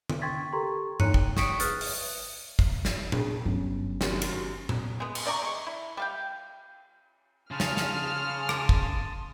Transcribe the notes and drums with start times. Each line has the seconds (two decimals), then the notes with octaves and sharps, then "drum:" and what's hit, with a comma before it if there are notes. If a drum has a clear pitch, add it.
0.10 drum: tom D3
0.22 G5 C6 C#6 G#6 A6 B6
0.52 G4 A4 A#4 A#5 C6 C#6
1.00 D#4 C#5 A#5 F#6 C#7 D#7, drum: tom G2
1.14 G5, drum: kick
1.37 C#6 D#6 B6 C#7 D7, drum: snare
1.60 G#4 B4 D#6 F6 F#6 A6, drum: hi-hat
1.81 drum: open hi-hat
2.59 drum: kick
2.85 drum: snare
3.12 D4 G#4, drum: tom A#2
3.46 G1 F#3 C#4
4.01 F#2 C3 D#3, drum: snare
4.22 drum: cymbal
4.69 drum: tom A#2
5.00 G#3 B3
5.15 drum: cymbal
5.26 C3 D5 A#5 C#6
5.42 G#3 C#6
5.66 E4
5.97 G3 F5 G5
7.51 C#3 A5 C6 D#6 F6
7.60 drum: snare
7.77 drum: snare
8.49 drum: rim click
8.69 drum: kick